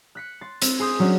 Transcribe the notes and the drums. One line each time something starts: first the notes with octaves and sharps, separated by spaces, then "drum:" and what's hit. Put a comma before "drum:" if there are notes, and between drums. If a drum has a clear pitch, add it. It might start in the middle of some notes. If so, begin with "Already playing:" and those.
F#6 B6 C#7
C6 A6
C4, drum: hi-hat
G#4 C6 D#6 G6
F#3 C#4 D4